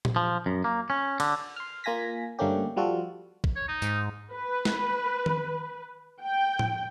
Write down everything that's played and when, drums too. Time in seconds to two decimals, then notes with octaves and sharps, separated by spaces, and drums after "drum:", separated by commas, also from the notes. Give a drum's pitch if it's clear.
0.05 drum: tom A#2
0.16 F3
0.46 F#2
0.64 A#3
0.90 C#4
1.20 D3, drum: cymbal
1.56 C6 F6
1.84 A#3 F4 G#5 A#6 B6
2.39 G2 D3 A3 A#3 C#4 G4
2.76 F3 G3 F4 F#4 A4
3.44 drum: kick
3.56 C#5
3.68 D#4
3.82 G#2, drum: tambourine
4.32 B4
4.65 drum: snare
5.26 drum: tom D#3
6.22 G5
6.59 drum: tom A2